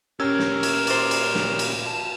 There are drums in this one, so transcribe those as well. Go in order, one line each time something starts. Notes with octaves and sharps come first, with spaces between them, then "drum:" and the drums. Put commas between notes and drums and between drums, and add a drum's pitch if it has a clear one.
A#2 C#4 G4 A#4 E6 G#6
drum: snare
drum: cymbal
C5 D5, drum: cymbal
drum: cymbal
drum: snare
drum: cymbal
A5